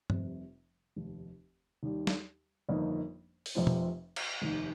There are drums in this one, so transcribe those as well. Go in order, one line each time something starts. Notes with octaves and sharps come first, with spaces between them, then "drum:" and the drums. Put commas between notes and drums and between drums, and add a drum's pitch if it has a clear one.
F1 F2 C3 G3 C4, drum: tom G2
F1 D#2 D#3
D#2 D#3 G3
drum: snare
G1 F2 D#3 A#3 D#4
drum: open hi-hat
F1 F2 C3 F3 C4
drum: tom
drum: cymbal
F1 D#2 D#3